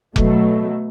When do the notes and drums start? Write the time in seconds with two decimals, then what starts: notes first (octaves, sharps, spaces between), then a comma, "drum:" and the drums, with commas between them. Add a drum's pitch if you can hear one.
0.16 B2 F#3 A3, drum: kick F1